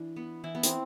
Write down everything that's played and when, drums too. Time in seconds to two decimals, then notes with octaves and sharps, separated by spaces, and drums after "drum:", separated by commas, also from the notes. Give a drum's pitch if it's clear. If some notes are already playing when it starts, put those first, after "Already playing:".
Already playing: E3 D4
0.16 B3
0.44 E3 E4
0.55 B3
0.63 C4, drum: hi-hat